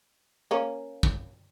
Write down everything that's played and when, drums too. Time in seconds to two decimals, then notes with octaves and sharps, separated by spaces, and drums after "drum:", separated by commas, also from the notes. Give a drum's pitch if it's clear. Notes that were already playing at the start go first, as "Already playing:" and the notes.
0.51 A#3 C#4
1.03 drum: kick